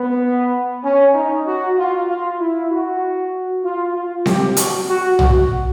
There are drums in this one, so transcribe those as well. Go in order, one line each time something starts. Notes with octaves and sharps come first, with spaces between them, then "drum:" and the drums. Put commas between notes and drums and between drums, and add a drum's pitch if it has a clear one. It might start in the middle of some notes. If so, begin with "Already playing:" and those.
Already playing: B3
C#4
D#4
F#4
F4
F4
E4
F#4
F4
F4
G4, drum: snare C4
F#4, drum: hi-hat
F#4
F#4, drum: tom